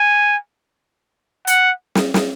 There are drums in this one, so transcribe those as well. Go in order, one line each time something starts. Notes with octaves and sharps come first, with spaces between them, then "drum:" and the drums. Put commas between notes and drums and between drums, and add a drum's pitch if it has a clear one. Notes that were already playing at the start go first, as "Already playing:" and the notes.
Already playing: G#5
F#5, drum: hi-hat
drum: snare
drum: snare